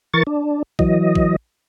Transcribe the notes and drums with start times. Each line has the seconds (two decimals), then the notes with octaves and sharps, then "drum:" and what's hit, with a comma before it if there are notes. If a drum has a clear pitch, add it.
0.14 E3 A#4 C#6 A6
0.27 D4
0.79 E3 F#3 D#5, drum: kick A#1
1.15 drum: kick A#1